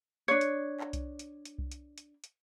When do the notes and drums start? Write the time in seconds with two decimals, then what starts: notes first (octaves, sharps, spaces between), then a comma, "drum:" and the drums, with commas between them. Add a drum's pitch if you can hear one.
0.28 D4 C#5
0.41 drum: hi-hat
0.80 drum: clap
0.93 drum: kick C2, hi-hat
1.19 drum: hi-hat
1.45 drum: hi-hat
1.58 drum: kick C2
1.72 drum: hi-hat
1.98 drum: hi-hat
2.24 drum: hi-hat